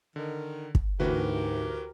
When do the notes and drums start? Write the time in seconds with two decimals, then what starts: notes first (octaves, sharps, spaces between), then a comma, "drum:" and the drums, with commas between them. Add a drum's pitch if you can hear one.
0.16 D3 D#3
0.75 drum: kick
1.00 D2 G#2 E3 F#4 G4 A#4 B4